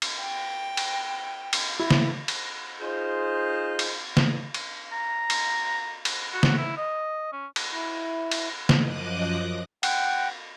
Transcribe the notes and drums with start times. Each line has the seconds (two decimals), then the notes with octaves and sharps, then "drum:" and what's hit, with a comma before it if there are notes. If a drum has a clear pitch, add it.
0.02 drum: cymbal
0.20 G5
0.77 drum: cymbal
1.53 drum: cymbal
1.79 E4
1.90 drum: snare
2.28 drum: cymbal
2.81 D#4 F4 G#4 C5
3.79 drum: cymbal
4.17 drum: snare
4.54 drum: cymbal
4.92 A#5
5.30 drum: cymbal
6.05 drum: cymbal
6.33 F#4
6.43 drum: snare
6.57 E4
6.77 D#5
7.32 C#4
7.56 drum: cymbal
7.73 E4
8.31 drum: cymbal
8.69 drum: snare
8.81 F#2 F3 D#5 D6 D#6 F#6
9.83 F#5 G5, drum: cymbal